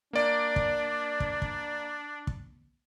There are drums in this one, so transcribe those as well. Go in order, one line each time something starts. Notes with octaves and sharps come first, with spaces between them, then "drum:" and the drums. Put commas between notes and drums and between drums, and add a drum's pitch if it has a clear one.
A#3 D4 D5
drum: kick
drum: kick
drum: kick
drum: kick